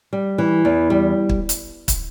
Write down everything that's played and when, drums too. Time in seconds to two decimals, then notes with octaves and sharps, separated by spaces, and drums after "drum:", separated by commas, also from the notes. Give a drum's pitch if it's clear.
0.13 G3
0.38 E3
0.65 E2
0.90 G3
1.29 drum: kick
1.49 drum: hi-hat
1.88 drum: kick, hi-hat